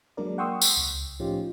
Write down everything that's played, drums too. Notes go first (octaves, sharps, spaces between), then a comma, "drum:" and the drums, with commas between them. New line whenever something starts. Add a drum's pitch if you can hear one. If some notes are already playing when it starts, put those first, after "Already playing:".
F#3 G#3 A#3 D4 A#4 D5
F#5 G5 C6 C#6 D#6 E6
drum: tambourine
C#2
A2 F3 C#4 D#4 F4 G4